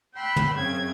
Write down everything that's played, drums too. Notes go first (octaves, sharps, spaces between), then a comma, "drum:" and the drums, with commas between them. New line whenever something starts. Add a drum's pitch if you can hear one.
G5 B5 C6 E6 F#6
drum: tom
F#2 C#3 C4 G#6